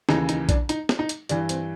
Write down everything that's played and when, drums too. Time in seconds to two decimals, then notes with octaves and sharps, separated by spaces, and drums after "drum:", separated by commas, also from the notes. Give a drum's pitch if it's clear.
0.09 D#2 C#3 E3 D#4, drum: snare
0.29 D#4, drum: hi-hat
0.49 D4, drum: kick A#1, hi-hat
0.69 D#4, drum: hi-hat
0.89 drum: snare
0.99 D#4
1.09 drum: hi-hat
1.29 G2 E3 D4, drum: hi-hat
1.49 C4, drum: hi-hat